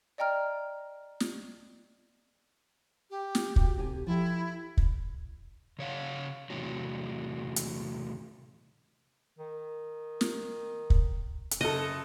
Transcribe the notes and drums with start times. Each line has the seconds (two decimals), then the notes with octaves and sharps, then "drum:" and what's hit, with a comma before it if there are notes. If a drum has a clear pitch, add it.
0.18 D5 D#5 G5 A#5 F6
1.20 drum: snare
3.10 G4
3.35 drum: snare
3.56 F#4, drum: kick
3.78 C3 G4 G#5
4.07 F3 E4 G4 G5
4.77 drum: kick
5.79 C#3 C#5 F5 F#5
6.50 E2 A2 C3 F#3
7.56 drum: hi-hat
9.39 D#3
10.21 drum: snare
10.90 drum: kick
11.51 drum: hi-hat
11.61 F#1 A4 D#5